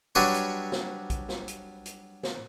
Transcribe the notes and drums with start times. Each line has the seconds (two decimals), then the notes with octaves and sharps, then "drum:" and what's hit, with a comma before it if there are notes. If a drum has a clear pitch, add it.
0.15 F#3 G3 D4 B4 C#5
0.34 drum: hi-hat
0.72 drum: snare
1.10 drum: kick, hi-hat
1.29 drum: snare
1.48 drum: hi-hat
1.86 drum: hi-hat
2.23 drum: snare